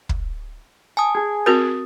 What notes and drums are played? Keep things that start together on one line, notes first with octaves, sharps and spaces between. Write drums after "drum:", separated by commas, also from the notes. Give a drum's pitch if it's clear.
drum: kick
G#5 A5 D#6
G#4
C4 F#4 A#4 D#6 A6